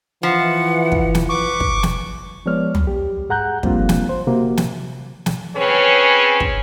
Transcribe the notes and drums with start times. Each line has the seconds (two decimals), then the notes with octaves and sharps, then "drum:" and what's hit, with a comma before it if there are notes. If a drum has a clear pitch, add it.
0.23 E3 F3 F#5
0.92 drum: kick
1.15 drum: snare
1.29 B4 C#6 D6
1.60 drum: kick
1.83 drum: snare
2.46 F3 G#3 B3 C#5 D5 F6
2.75 drum: tom
2.87 G4
3.29 G#2 G#4 F#5 A#5 F#6 G6
3.63 F3 G3 A#3 C4 D4 F4, drum: kick
3.89 drum: snare
4.09 C5
4.27 C3 A#3 C4 F#4
4.57 drum: snare
5.26 drum: snare
5.56 C4 C#4 G#4 B4 C#5
6.40 drum: kick